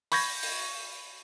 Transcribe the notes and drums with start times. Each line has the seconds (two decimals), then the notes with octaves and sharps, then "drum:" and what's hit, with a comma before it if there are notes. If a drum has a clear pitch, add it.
0.12 B5 C#6 G6 G#6 A#6, drum: open hi-hat
0.43 drum: open hi-hat